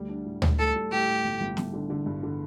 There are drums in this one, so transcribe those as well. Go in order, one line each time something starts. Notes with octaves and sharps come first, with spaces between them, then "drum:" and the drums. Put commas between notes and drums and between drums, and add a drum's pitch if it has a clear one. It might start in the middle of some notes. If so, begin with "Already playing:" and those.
Already playing: D2 G3
D4
A2
A2, drum: tom D2
A2 A4
G3
A2 G4
A2
G1
G1
G1, drum: snare
D3
D3
G2
D3